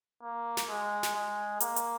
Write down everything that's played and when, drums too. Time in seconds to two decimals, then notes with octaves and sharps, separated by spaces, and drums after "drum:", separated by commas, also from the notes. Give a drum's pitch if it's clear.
0.22 A#3
0.57 drum: snare
0.69 G#3
1.03 drum: snare
1.15 G#3
1.60 A#3, drum: hi-hat
1.76 drum: hi-hat